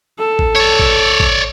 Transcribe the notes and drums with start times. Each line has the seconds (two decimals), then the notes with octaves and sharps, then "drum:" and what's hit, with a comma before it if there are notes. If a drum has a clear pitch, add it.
0.19 A4
0.39 drum: kick A1
0.55 C#5 D5
0.79 drum: kick A1
1.20 drum: kick A1